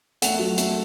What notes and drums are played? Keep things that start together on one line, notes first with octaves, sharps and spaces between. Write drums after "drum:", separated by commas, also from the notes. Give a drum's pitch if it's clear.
A3 F#5, drum: hi-hat
F#3
A3, drum: hi-hat